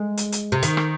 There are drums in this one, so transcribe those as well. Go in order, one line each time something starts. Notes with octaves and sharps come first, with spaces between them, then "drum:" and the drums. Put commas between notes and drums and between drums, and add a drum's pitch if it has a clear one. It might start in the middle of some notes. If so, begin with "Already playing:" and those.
Already playing: G#3
drum: hi-hat
drum: hi-hat
C3
D#3, drum: hi-hat
drum: rim click